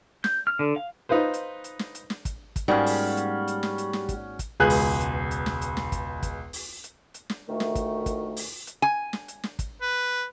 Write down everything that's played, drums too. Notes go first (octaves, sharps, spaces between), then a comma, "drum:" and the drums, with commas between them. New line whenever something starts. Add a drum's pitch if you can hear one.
G6, drum: snare
F6
D3
F5
D#4 F4 B4 C5
drum: hi-hat
drum: hi-hat
drum: snare
drum: hi-hat
drum: snare
drum: kick, hi-hat
drum: kick, hi-hat
G#2 G3 A#3 C#4 F#4 G#4
drum: open hi-hat
drum: hi-hat
drum: hi-hat
drum: snare
drum: hi-hat
drum: snare
drum: kick, hi-hat
drum: kick, hi-hat
E1 C#2 G#4 B4 F#6
drum: open hi-hat
drum: hi-hat
drum: hi-hat
drum: snare
drum: hi-hat
drum: snare
drum: kick, hi-hat
drum: kick, hi-hat
drum: open hi-hat
drum: hi-hat
drum: hi-hat
drum: snare
D2 A#2 D#3 A3
drum: snare
drum: kick, hi-hat
drum: kick, hi-hat
drum: open hi-hat
drum: hi-hat
G#5
drum: snare
drum: hi-hat
drum: snare
drum: kick, hi-hat
B4